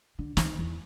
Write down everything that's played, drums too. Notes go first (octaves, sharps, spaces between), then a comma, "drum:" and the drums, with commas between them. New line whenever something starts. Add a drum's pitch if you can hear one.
D3
D#3, drum: snare
E2